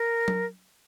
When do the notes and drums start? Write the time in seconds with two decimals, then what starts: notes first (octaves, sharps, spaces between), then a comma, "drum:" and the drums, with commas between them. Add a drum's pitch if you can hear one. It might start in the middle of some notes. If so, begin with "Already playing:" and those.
Already playing: A#4
0.28 drum: tom F#3